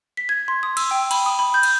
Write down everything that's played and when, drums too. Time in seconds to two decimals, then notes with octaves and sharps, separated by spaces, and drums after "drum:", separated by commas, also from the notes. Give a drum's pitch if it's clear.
0.17 B6
0.29 G#6
0.48 C6
0.63 D#6
0.77 E6, drum: cymbal
0.91 G5
1.11 B5, drum: cymbal
1.26 D#6
1.39 B5
1.54 G6
1.63 drum: cymbal